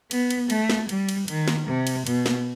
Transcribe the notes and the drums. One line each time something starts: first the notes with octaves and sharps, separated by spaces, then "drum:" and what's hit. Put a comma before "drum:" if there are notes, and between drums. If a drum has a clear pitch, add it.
B3, drum: cymbal
drum: cymbal
A3, drum: cymbal
drum: snare
G3, drum: cymbal
drum: cymbal
D#3, drum: cymbal
drum: snare
C3
drum: cymbal
B2, drum: cymbal
drum: snare